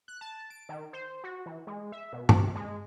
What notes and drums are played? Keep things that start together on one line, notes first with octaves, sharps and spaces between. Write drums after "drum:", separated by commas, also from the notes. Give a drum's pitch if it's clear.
F#6
A5
D7
D#3
C5
F#4
E3
G#3
E5
B2
C3, drum: tom
G#3